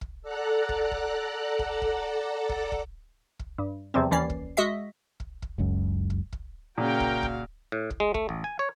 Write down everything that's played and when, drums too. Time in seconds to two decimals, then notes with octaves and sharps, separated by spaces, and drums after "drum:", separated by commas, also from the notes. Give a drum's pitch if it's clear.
0.01 drum: kick
0.22 A4 D5 F#5 A#5 F#6
0.69 drum: kick
0.91 drum: kick
1.59 drum: kick
1.82 drum: kick
2.49 drum: kick
2.72 drum: kick
3.39 drum: kick
3.58 G2
3.94 E2 C3 F3 G3 C4
4.11 D#2 E3 C#4 D5 C7
4.30 drum: kick
4.57 G#3 F#4 D#5 E5 B6
5.20 drum: kick
5.42 drum: kick
5.58 F#1 C#2 F#2
6.10 drum: kick
6.33 drum: kick
6.78 A#2 C#3 F#4 A#4 F5 G5
7.00 drum: kick
7.23 drum: kick
7.72 A2
7.90 drum: kick
8.00 G#3
8.14 A3, drum: kick
8.29 A1
8.44 G#5
8.59 C#5